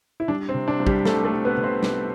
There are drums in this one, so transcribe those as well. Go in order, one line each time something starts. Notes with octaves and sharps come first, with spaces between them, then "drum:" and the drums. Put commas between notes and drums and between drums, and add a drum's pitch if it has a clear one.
E4
G3 D4
C4
C3
D4
C2
G3 G4, drum: kick
C2 A3 A4, drum: snare
A3 A4
G3
B3 B4
C3
C4 C5
C2, drum: snare